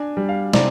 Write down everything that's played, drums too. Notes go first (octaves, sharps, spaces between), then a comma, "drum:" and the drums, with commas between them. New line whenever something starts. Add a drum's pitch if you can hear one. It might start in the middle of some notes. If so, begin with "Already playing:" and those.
Already playing: D4 G#5
G3
F5
C3 D5, drum: snare